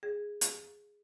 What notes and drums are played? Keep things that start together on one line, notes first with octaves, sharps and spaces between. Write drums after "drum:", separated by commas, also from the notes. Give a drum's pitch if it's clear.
G#4
drum: hi-hat